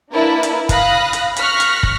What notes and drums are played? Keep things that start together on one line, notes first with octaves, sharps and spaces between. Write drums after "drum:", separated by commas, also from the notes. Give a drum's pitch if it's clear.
A#3 D4 E4 A#4 B4 A5
drum: hi-hat
F5 B5 D#6 F#6 A#6, drum: kick, hi-hat
drum: hi-hat
C#6 F6 F#6 A#6 B6, drum: hi-hat
drum: hi-hat
drum: kick